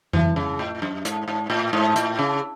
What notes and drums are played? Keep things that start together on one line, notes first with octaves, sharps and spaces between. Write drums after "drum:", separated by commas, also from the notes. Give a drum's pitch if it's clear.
E3, drum: tom F2
C#3
A2
F#2
G#2, drum: hi-hat
G#2
A2
G#2
A2, drum: hi-hat
C#3